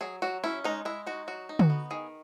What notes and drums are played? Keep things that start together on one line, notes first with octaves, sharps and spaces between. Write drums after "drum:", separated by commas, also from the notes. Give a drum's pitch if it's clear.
F#3 G#4
F#3 F#4
C#4 E4
G#3 D#4
G#3 E4
D#4 F#4
F#3 F#4
D#4
F#4, drum: tom D3
B3
D#3 G#4